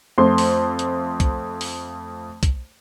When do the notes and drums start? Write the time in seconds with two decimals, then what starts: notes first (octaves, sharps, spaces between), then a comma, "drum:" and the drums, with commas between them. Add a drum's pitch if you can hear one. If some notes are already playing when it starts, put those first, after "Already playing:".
0.18 F2 A3 C6
0.38 drum: open hi-hat
0.79 drum: hi-hat
1.20 drum: kick, hi-hat
1.61 drum: open hi-hat
2.43 drum: kick, hi-hat